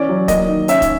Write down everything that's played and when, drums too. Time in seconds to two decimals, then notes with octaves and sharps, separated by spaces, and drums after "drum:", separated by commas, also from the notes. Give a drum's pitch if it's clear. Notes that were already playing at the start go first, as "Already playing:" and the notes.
Already playing: E3 C#4 D5
0.09 F#3
0.28 A#3 D#5, drum: kick, hi-hat
0.48 D#3
0.68 C#4 E5, drum: hi-hat
0.82 drum: kick, hi-hat